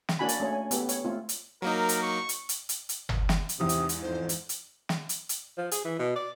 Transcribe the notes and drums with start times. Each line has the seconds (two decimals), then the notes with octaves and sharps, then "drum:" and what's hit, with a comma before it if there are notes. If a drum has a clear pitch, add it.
0.09 drum: snare
0.19 A#3 C#4 D4 F#4 G#5 B5
0.29 drum: hi-hat
0.40 A3 C#4 C#5
0.52 G#5
0.71 B3 G4 A4, drum: hi-hat
0.89 C#5, drum: hi-hat
1.05 A3 C4 F4
1.29 drum: hi-hat
1.62 F#3 A#3 D#4 A#4
1.89 drum: hi-hat
2.02 C#6
2.29 drum: hi-hat
2.49 drum: hi-hat
2.69 drum: hi-hat
2.89 drum: hi-hat
3.09 drum: tom G1
3.29 drum: snare
3.49 drum: hi-hat
3.60 E2 G#2 C3 D#6
3.69 drum: hi-hat
3.89 drum: hi-hat
4.03 F2 C5
4.29 drum: hi-hat
4.49 drum: hi-hat
4.89 drum: snare
5.09 drum: hi-hat
5.29 drum: hi-hat
5.57 F3
5.71 G#4, drum: hi-hat
5.85 E3
5.99 B2
6.16 D5